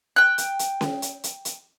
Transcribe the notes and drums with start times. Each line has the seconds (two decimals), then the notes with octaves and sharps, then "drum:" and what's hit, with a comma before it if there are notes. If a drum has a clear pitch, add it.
0.16 G5 F#6
0.38 drum: hi-hat
0.59 drum: hi-hat
0.81 drum: snare C#4
1.02 drum: hi-hat
1.24 drum: hi-hat
1.45 drum: hi-hat